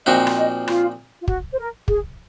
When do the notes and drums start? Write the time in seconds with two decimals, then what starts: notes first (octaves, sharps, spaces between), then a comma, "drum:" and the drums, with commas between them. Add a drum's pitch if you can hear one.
0.06 A#2 F3 C4 D#4 F#4 D#5
0.27 drum: rim click
0.37 D#5
0.67 F4, drum: rim click
1.21 F4
1.28 F#4, drum: kick
1.51 C5
1.58 A#4
1.88 G#4, drum: kick